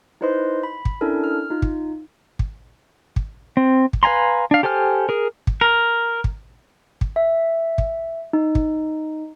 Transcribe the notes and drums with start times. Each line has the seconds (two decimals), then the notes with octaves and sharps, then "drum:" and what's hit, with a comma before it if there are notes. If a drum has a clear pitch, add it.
0.21 D#4 E4 B4 C5 D#5 C6
0.63 B5
0.85 drum: kick
1.01 C#4 D4 E4 A4 A#4
1.24 F6
1.50 D#4 F4
1.62 drum: kick
2.39 drum: kick
3.16 drum: kick
3.57 C4
3.93 drum: kick
4.03 B4 F5 G#5 A#5 C6
4.51 D4 F5
4.63 G4 A4 C5 G#5 F6
5.09 G#4 A#4
5.47 drum: kick
5.61 A#4
6.24 drum: kick
7.01 drum: kick
7.16 E5
7.78 drum: kick
8.33 D#4
8.55 drum: kick